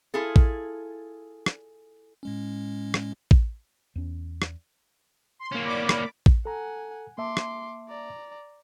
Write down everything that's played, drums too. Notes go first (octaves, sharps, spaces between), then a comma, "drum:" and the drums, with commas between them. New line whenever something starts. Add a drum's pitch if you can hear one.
E4 F4 G#4 A4
drum: kick A1
drum: rim click
A2 G#3 C#4
drum: rim click
drum: kick A1
E2 C#4
drum: rim click
C6
A#3 C#4
D5 B5 D6
drum: rim click
drum: kick A1
A4 F#5 G#5 A#5
A#3 E5 A5 C6 D6
drum: rim click
D5 A#5